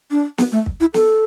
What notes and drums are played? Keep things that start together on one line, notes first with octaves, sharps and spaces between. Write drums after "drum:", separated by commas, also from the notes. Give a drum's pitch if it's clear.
D4
B3, drum: snare
A3
drum: kick
E4
A4, drum: snare